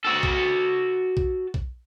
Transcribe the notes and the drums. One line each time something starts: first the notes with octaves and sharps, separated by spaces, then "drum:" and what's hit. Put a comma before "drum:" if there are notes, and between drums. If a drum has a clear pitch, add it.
F#4 A4
drum: kick
drum: kick
drum: kick